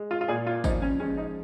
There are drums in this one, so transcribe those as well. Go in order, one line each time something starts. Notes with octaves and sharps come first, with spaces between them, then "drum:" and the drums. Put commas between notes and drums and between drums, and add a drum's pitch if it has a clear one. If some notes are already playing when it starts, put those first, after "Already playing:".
Already playing: G#3
F4
F4
A#2 G#4
F4
F3 D#4, drum: kick G#1, tambourine
C#4
G#3 C#4
D#4